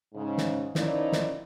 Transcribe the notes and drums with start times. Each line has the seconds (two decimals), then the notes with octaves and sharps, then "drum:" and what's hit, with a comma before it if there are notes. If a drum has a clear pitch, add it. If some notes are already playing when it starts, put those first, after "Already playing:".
0.14 G#2 C#3
0.38 drum: snare
0.75 D#3 F3 C#4 D#4 E4 D5, drum: snare
1.12 drum: snare